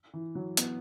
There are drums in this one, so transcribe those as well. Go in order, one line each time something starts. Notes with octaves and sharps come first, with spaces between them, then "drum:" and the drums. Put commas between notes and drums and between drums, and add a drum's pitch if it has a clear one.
E3
F#3
B3, drum: hi-hat